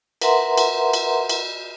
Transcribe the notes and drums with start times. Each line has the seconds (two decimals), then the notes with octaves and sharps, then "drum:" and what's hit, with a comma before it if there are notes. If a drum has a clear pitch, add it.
0.22 A#4 B4 E5 F#5 A#5 C6, drum: cymbal
0.58 drum: cymbal
0.93 drum: cymbal
1.29 drum: cymbal